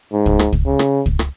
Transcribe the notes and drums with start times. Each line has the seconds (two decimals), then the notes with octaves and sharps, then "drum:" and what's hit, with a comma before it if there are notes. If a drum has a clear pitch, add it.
0.12 G#2
0.26 drum: kick
0.39 drum: rim click
0.53 drum: kick
0.66 C#3
0.79 drum: rim click
1.06 drum: kick
1.19 drum: rim click